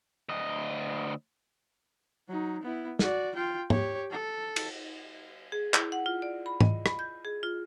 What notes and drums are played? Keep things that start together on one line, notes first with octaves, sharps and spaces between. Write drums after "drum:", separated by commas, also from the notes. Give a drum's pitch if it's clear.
D2 D#5
F#3 D#4
B3 E4
F#4 D5, drum: snare
F4 G5
G4 C#5, drum: tom
A4
drum: cymbal
G#4
E4, drum: clap
F#5
F4
D5
B5
D#5, drum: tom G#2
B5, drum: rim click
G6
G#4
F4